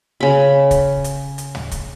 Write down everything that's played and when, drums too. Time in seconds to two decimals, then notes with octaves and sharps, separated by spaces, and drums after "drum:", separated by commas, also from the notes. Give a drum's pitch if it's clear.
0.20 C#3 B5
0.71 drum: kick, hi-hat
1.04 drum: hi-hat
1.38 drum: hi-hat
1.55 drum: tom
1.71 drum: kick, hi-hat